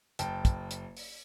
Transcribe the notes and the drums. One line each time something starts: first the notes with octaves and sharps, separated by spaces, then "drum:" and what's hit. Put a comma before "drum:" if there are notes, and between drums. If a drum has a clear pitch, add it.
F#1 G5 A5, drum: hi-hat
drum: kick, hi-hat
drum: hi-hat
drum: open hi-hat